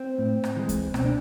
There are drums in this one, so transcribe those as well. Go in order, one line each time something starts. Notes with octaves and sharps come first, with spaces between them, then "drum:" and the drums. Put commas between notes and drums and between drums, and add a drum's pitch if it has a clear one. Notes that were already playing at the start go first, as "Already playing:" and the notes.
Already playing: C4
A2
drum: rim click
E3 G#3
drum: kick C#2, hi-hat
B2 C4, drum: rim click
D4